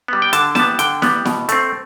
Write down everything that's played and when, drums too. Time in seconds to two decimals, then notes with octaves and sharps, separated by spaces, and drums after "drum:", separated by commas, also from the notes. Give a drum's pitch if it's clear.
0.08 G3 B3
0.22 G5
0.33 D3 A5, drum: hi-hat
0.55 G3 B3 A5, drum: snare E4
0.79 D3 G5, drum: hi-hat
1.02 G3 B3, drum: snare E4
1.25 B2, drum: snare E4
1.49 A3 C4, drum: hi-hat